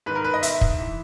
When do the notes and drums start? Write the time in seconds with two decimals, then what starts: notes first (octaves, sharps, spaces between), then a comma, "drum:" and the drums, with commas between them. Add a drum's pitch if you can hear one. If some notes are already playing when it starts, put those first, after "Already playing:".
0.06 G#2 D#3 B4
0.15 A#4
0.25 B4
0.34 D#5
0.43 E5, drum: hi-hat
0.61 drum: kick
0.78 E3